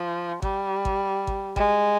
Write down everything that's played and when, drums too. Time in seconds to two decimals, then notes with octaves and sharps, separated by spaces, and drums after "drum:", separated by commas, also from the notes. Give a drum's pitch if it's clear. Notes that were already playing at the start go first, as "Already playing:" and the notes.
Already playing: F3
0.42 G3, drum: kick
0.85 drum: kick
1.27 drum: kick
1.56 G#3, drum: kick